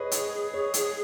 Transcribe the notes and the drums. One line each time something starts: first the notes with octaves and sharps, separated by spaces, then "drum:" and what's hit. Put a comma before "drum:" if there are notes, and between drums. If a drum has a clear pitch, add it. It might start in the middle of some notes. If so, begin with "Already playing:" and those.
Already playing: G#4 B4 C#5 D#5
C#5, drum: hi-hat
C#5
drum: hi-hat